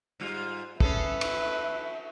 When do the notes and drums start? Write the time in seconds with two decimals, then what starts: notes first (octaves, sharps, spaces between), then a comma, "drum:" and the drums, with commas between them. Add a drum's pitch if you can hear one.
0.20 G#2 G3 F4
0.80 C#4 G#4 A4 B4 E5, drum: kick
1.21 drum: cymbal